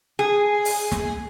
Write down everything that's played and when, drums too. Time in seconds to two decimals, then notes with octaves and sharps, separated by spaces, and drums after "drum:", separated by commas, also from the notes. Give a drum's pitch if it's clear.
0.19 G#4
0.65 drum: open hi-hat
0.92 drum: snare